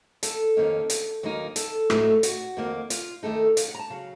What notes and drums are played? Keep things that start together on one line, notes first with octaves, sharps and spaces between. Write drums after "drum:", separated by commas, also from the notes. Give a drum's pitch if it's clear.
A4, drum: hi-hat
F2 D#3 A#3 C#4
drum: hi-hat
D#2 D#3 F#3 A#3 D#4
A4, drum: hi-hat
A2 F#3 A3 C4 D#4, drum: rim click
F#4, drum: hi-hat
F2 D#3 A#3
F4, drum: hi-hat
D#2 D#3 A3 D#4 A4
F5, drum: hi-hat
F#5
A#5
A5
C#3 F#3 F5